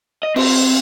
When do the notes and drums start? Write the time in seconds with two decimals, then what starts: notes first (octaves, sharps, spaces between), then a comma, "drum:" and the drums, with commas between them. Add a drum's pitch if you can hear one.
0.23 D#5
0.36 C4, drum: cymbal